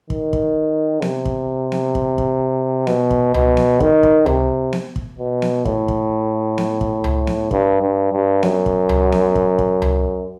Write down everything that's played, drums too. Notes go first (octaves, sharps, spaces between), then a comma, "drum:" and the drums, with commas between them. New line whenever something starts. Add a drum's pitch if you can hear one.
D#3, drum: kick
drum: kick
C3, drum: snare B3
drum: kick
drum: snare B3
drum: kick
drum: kick
B2, drum: snare B3
drum: kick
B2, drum: tom C#2
drum: snare B3
D#3, drum: kick
drum: kick
C3, drum: tom C#2
drum: snare B3
drum: kick
B2
drum: snare B3
A2, drum: kick
drum: kick
drum: snare B3
drum: kick
drum: tom C#2
drum: snare B3
G2, drum: kick
G2
G2
F#2, drum: snare B3
drum: kick
drum: tom C#2
drum: snare B3
drum: kick
drum: kick
drum: tom C#2